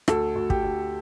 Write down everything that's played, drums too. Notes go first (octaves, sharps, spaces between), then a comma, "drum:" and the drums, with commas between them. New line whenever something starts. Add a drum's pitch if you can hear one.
D2 A4, drum: rim click
D2
G4, drum: kick
D2